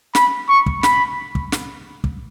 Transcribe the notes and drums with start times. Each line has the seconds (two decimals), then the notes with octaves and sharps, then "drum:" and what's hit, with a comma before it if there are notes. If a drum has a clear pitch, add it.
0.15 B5, drum: snare
0.49 C#6
0.66 drum: kick
0.83 B5, drum: snare
1.35 drum: kick
1.52 drum: snare
2.04 drum: kick